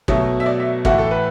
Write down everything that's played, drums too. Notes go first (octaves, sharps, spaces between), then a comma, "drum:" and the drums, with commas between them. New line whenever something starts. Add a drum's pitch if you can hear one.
B2 F#3 A3, drum: kick
E5
D5
E5
A2 E3 A3 F#4, drum: kick
A4
B4